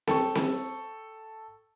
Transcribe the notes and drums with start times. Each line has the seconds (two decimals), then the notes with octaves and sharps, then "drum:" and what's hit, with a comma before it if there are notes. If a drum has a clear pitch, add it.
0.07 A4 G5 C#6, drum: snare C4
0.35 drum: snare C4